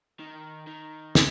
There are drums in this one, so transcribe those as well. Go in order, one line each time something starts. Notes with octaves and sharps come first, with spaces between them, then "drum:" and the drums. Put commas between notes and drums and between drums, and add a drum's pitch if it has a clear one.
D#3
D#3
E3, drum: snare